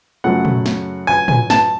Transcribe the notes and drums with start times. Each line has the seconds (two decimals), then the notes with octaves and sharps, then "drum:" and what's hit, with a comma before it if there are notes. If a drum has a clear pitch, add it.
0.24 F#2 C#3 F#3 A3 F#5
0.45 drum: tom A#2
0.66 drum: snare
1.07 G#5
1.28 G#5, drum: tom
1.50 A5, drum: snare